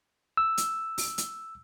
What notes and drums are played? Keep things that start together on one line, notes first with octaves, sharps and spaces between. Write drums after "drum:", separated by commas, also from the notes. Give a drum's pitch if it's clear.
E6
drum: hi-hat
drum: open hi-hat
drum: hi-hat